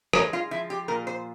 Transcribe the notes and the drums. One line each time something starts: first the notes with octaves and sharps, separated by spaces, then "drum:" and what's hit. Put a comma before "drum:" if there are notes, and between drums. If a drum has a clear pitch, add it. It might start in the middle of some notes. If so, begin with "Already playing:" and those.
G#3 A#4, drum: rim click
F4
F3 E4
G4
A#2 A#4
C5